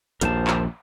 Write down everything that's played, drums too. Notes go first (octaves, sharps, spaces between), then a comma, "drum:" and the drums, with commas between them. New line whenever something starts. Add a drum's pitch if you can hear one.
A#1 D#2 A#4 C5 A5, drum: hi-hat
drum: clap